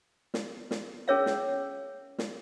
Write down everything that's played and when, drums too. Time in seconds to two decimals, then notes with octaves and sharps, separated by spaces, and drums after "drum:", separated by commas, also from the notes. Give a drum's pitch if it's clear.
0.34 drum: snare
0.71 drum: snare
1.08 C#4 G#4 A#4 C#5 E5 F5
1.26 drum: snare
2.18 drum: snare